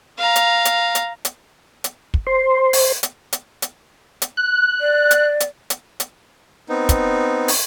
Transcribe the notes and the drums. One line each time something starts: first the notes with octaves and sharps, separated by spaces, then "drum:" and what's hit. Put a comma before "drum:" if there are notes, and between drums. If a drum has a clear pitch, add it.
F5 A#5
drum: hi-hat
drum: hi-hat
drum: hi-hat
drum: hi-hat
drum: hi-hat
drum: kick
C5 C6
drum: open hi-hat
drum: hi-hat
drum: hi-hat
drum: hi-hat
drum: hi-hat
F#6
D5
drum: hi-hat
drum: hi-hat
drum: hi-hat
drum: hi-hat
B3 C4 D#4
drum: kick, hi-hat
drum: open hi-hat